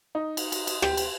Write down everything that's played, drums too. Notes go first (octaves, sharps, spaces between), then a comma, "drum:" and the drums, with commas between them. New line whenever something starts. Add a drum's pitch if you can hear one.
D#4
drum: cymbal
drum: cymbal
drum: cymbal
G4, drum: rim click
drum: cymbal